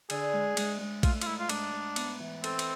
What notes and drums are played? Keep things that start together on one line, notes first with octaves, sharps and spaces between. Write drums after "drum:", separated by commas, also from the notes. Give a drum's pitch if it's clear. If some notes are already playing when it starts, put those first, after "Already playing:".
D3 G#4, drum: cymbal
G#3
G#3, drum: cymbal
G#3
A3 F4, drum: kick, cymbal
F4, drum: cymbal
G#2 E4
F4
G#2 D4, drum: cymbal
G#2
B3, drum: cymbal
E3
C4 A4, drum: cymbal
drum: cymbal